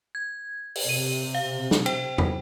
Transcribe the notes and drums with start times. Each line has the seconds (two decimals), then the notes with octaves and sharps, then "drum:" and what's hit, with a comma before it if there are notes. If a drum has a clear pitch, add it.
0.15 G#6
0.75 drum: open hi-hat
0.89 C3 D#7
1.35 F5
1.71 drum: snare
1.86 C5 G5, drum: cymbal
2.18 drum: tom